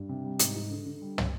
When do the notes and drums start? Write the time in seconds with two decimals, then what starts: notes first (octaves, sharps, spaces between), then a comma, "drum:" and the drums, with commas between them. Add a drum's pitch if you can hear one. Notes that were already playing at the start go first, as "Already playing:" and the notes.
Already playing: G2
0.09 C3
0.25 G3
0.39 G#2, drum: hi-hat
0.56 G#2
0.71 D3
0.86 D3
1.02 G3
1.18 drum: tom